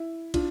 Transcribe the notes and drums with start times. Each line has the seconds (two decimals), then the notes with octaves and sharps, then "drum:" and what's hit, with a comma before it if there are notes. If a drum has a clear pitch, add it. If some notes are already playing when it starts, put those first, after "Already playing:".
Already playing: E4
0.34 D4 F4, drum: kick, cymbal